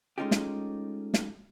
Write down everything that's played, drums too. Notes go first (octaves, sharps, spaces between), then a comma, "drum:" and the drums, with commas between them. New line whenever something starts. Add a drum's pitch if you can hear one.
G#3 A3 C#4 D#4 F4 G4
drum: snare
drum: snare